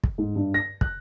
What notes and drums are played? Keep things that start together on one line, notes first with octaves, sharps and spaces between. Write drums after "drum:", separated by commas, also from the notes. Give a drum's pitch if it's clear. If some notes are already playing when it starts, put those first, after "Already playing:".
drum: kick
G#2
G2
A#6
F#6, drum: kick